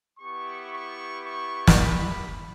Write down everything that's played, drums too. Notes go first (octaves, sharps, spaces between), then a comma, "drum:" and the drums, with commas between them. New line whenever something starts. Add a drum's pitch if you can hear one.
B3 E4 G4 C#6
C#6
C#6
drum: snare
B5